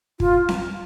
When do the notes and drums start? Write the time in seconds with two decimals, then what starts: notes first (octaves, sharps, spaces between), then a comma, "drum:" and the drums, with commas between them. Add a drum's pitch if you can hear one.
0.20 F4, drum: kick
0.49 drum: snare C4